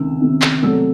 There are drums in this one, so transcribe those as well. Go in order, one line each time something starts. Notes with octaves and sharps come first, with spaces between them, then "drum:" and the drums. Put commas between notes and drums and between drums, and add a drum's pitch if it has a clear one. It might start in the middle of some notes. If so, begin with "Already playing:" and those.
Already playing: C#2 C3 D#3 E6
C#2 C3 D#3
drum: clap
C2 C3 F#3 A3 E6